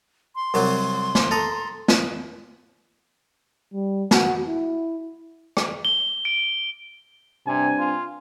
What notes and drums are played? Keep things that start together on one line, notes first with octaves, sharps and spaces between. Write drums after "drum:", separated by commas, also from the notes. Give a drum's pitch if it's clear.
C6
C2 F#3, drum: open hi-hat
drum: snare
A4 A#5 D#6
drum: snare
G3
F#4, drum: snare
E4
drum: rim click
G7
D7
G2 C3 C4 D4 G#5
F4